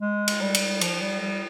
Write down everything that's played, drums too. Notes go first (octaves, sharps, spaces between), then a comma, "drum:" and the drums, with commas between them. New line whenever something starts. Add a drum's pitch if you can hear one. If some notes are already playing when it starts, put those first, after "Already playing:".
G#3
drum: cymbal
G3
drum: cymbal
F3, drum: cymbal
G3
G3